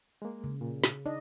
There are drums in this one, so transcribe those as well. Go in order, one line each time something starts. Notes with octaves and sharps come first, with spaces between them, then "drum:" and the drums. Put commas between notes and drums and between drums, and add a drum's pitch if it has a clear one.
G#3 A#3
C#3
A#2
drum: snare
D4 D#4 D5 D#5